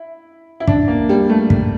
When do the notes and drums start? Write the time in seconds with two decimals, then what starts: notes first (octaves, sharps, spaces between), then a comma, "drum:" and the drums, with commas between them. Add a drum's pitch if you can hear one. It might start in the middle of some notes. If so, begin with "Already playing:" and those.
Already playing: E4
0.60 E4
0.67 D4, drum: kick
0.88 A#3
1.09 G3
1.30 A3
1.50 drum: kick